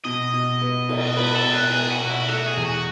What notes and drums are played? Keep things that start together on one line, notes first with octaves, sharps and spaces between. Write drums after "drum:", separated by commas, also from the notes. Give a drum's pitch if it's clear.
B2 D#5
B2
B3
B2, drum: cymbal
B3 B4
A4
B2
B4
B3 G#4
F#4
B2
E4
A3 F#4
G#4
E2
F#4